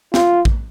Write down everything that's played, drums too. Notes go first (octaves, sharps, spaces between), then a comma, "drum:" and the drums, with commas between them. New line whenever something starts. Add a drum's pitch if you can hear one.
F4, drum: snare
drum: kick